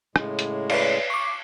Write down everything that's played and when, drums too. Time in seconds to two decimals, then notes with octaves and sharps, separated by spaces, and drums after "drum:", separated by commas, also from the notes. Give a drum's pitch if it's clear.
0.16 A2 C#3 G#3, drum: rim click
0.39 drum: hi-hat
0.70 B4 C#5 D5, drum: cymbal
1.10 C#6 D6